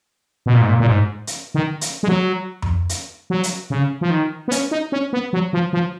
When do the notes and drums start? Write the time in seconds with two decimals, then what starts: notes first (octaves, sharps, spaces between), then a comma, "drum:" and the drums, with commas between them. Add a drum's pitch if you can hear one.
0.46 B2
0.54 A#2
0.61 G#2
0.69 A#2
0.80 A#2
0.87 G#2
1.27 drum: hi-hat
1.55 D#3
1.81 drum: hi-hat
2.03 G#3
2.08 F#3
2.62 drum: tom F2
2.89 drum: hi-hat
3.30 F#3
3.43 drum: hi-hat
3.70 C#3
4.01 F3
4.10 D#3
4.48 B3
4.51 C#4, drum: hi-hat
4.71 D#4
4.92 C#4
5.13 B3
5.33 F#3
5.53 F3
5.73 F3